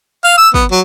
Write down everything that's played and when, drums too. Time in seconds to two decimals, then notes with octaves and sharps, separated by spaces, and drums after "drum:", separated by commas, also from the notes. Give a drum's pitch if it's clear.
0.24 F5
0.38 E6
0.54 B3, drum: kick
0.71 F#3